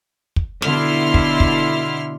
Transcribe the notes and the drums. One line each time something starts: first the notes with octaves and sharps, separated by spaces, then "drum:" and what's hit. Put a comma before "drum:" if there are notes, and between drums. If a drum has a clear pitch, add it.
drum: kick
B2 D3 E4 C6 F6, drum: snare
drum: kick
drum: kick